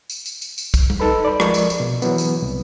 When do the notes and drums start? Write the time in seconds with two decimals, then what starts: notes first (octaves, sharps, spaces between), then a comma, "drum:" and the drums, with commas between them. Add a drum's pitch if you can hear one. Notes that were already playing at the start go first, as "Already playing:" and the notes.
0.10 drum: tambourine
0.26 drum: tambourine
0.42 drum: tambourine
0.58 drum: tambourine
0.74 drum: kick, tambourine
0.90 drum: tom G3
1.00 D#4 A4 B4 B5
1.25 D5 B5
1.40 F3 G#3 A#4 D5 C#6, drum: rim click
1.54 drum: tambourine
1.70 drum: tambourine
1.80 B2
2.02 E3 F#3 B3, drum: tambourine
2.18 drum: tambourine
2.42 C2